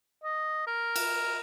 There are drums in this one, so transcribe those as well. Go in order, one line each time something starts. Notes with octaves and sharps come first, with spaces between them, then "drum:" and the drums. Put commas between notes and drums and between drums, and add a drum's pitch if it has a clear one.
D#5
A#4
drum: cymbal